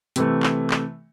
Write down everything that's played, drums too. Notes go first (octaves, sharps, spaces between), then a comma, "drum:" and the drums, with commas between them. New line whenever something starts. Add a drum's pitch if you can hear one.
C3 E3 A3, drum: hi-hat
drum: clap
drum: clap